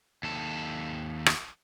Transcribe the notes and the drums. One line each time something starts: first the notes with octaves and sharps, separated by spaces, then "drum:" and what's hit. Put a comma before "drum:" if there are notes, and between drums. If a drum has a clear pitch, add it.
D#2 A4
drum: rim click